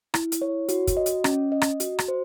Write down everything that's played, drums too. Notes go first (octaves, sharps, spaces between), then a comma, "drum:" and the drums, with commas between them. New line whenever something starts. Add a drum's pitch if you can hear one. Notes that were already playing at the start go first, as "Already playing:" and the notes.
E4, drum: rim click
drum: hi-hat
C#5
F#4, drum: hi-hat
drum: kick, hi-hat
D#5
drum: hi-hat
C#4, drum: rim click
D#5
drum: rim click
F#4, drum: hi-hat
drum: rim click
C5